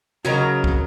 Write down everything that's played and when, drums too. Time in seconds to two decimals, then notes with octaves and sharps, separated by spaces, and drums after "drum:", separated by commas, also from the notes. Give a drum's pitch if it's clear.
0.25 C#3 F#3 F#4 A#4 D#5 A#5
0.64 drum: kick